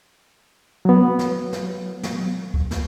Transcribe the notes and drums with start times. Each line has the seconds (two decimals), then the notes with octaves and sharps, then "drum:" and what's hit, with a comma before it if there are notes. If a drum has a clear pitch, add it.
0.85 F#3 B3
1.19 drum: snare
1.53 drum: snare
2.03 drum: snare
2.54 drum: kick C#2
2.71 drum: snare